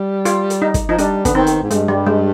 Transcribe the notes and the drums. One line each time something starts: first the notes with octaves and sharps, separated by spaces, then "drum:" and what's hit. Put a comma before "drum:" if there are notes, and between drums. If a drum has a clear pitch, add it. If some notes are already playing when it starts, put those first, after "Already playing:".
Already playing: G3
F4, drum: hi-hat
drum: hi-hat
D#4
drum: kick, hi-hat
F3 D#4
G3 D4, drum: hi-hat
D3 B3, drum: kick, hi-hat
D#3 C4
drum: hi-hat
G#2
G2 G#3, drum: hi-hat
G3
G#3